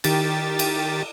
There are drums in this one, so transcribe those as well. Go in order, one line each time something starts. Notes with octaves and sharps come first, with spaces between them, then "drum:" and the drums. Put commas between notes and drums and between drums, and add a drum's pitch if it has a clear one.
D#3 G4 A6, drum: cymbal
drum: cymbal